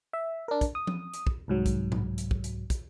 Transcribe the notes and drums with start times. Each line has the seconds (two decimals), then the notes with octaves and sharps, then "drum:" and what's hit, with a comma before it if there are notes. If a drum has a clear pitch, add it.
0.13 E5
0.48 D4 A#4
0.61 drum: kick, hi-hat
0.75 D#6
0.87 drum: tom F3
1.14 drum: hi-hat
1.27 drum: kick
1.48 C2 G#2 F#3
1.66 drum: kick, hi-hat
1.92 drum: tom A2
2.18 drum: hi-hat
2.31 drum: kick
2.44 drum: hi-hat
2.70 drum: kick, hi-hat